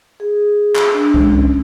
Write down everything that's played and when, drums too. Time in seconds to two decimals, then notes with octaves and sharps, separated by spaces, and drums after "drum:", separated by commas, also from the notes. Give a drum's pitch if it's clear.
0.20 G#4
0.76 drum: clap
0.94 D4
1.14 G#3, drum: kick C2
1.27 C#4